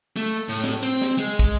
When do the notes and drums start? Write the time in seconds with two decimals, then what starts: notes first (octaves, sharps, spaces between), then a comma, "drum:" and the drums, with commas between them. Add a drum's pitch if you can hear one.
0.17 A3
0.49 A2
0.64 drum: snare
0.83 C4, drum: hi-hat
1.02 drum: snare
1.18 G#3, drum: hi-hat
1.39 drum: kick